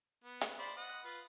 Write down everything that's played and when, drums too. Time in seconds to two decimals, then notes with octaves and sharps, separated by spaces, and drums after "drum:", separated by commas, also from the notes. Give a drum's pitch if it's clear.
0.24 B3
0.41 drum: hi-hat
0.59 C5 D5 B5
0.77 D#5 F#5
1.04 F4 B4